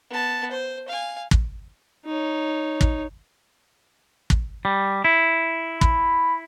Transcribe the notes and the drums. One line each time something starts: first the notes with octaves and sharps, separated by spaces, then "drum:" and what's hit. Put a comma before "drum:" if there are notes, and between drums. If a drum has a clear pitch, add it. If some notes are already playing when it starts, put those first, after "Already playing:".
B3 A5
C5
F5 G#5
drum: kick
D#4 C#5
drum: kick
drum: kick
G3
E4
B5, drum: kick